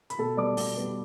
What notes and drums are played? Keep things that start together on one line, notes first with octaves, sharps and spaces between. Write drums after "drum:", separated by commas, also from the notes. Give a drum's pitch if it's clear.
B5, drum: hi-hat
B2 A4 A5
G3 B3 D5 D6
B2, drum: open hi-hat
G3 B3